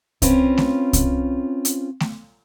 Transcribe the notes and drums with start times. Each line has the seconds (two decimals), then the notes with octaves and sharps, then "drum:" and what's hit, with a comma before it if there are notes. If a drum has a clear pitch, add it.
0.22 C4 C#4 F4 B4, drum: kick C2, hi-hat
0.58 drum: snare A3
0.93 drum: kick C2, hi-hat
1.65 drum: hi-hat
2.00 drum: snare A3